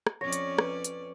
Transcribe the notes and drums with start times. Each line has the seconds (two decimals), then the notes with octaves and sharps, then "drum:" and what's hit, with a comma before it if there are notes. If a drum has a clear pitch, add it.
0.07 drum: rim click
0.21 F2 C#4 C#5 D5 A#6
0.33 drum: hi-hat
0.58 B4, drum: rim click
0.84 drum: hi-hat